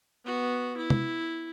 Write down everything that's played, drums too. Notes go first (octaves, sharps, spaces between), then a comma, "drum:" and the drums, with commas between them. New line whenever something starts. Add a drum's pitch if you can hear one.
B3 F#4
E4
drum: tom C3